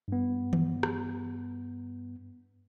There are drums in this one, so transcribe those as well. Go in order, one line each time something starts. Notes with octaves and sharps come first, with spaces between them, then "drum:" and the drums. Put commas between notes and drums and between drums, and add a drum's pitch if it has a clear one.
G2 B3
drum: tom D#3
drum: rim click